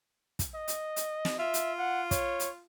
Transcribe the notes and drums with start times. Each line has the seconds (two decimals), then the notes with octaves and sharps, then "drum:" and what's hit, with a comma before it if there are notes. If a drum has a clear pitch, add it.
0.39 drum: kick, hi-hat
0.55 D#5
0.68 drum: hi-hat
0.96 drum: hi-hat
1.25 drum: snare
1.39 F4 E5
1.54 drum: hi-hat
1.79 F#5
2.11 C#5, drum: kick, hi-hat
2.40 drum: hi-hat